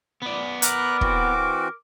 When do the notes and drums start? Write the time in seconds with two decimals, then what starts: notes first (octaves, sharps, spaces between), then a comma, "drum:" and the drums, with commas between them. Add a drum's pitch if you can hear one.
0.22 B3 D5
0.62 A#4 A#5 D6 F#6, drum: hi-hat
1.01 E3 C4 F#4, drum: kick